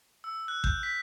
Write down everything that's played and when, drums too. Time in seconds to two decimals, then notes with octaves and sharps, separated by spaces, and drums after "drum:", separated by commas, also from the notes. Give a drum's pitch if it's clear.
0.24 E6
0.48 F#6
0.64 G6, drum: kick A1
0.83 B6